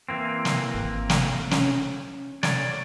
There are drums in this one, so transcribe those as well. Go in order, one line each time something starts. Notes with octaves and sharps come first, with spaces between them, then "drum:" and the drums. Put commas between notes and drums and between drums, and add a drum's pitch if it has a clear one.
E3 A#3 C4
drum: snare
G#1
drum: snare
C#4, drum: snare
C#5 D5, drum: snare